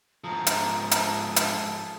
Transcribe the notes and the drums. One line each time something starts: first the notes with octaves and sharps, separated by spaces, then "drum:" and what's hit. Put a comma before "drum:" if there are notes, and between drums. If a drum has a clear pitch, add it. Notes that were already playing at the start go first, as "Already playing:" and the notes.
G#2 F3 G#4 A4 A#5
drum: hi-hat
drum: hi-hat
drum: hi-hat